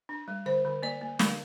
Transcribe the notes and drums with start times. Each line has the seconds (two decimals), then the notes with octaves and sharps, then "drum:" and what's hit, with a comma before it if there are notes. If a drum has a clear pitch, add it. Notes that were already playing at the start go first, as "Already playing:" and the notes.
0.09 D4
0.28 G3
0.46 D3 C5
0.65 D3
0.83 A#3 D5
1.01 A#3
1.19 D3 F5, drum: snare